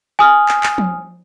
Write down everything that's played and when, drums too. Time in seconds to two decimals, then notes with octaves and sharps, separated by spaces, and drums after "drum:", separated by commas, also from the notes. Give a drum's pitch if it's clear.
0.19 G#5 D#6 F6
0.48 drum: clap
0.63 drum: clap
0.78 drum: tom F3